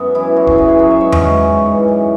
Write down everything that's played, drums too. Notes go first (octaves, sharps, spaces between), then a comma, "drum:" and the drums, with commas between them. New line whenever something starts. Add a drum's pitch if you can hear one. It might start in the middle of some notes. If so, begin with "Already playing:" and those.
Already playing: F#2 B3
E3 E4
E3 F#4
G#4, drum: kick
F#2 B4
G#4
F#3 B4
E5
G#2 C#5
C#4, drum: tom E2
G#2
G#2
E3
F#2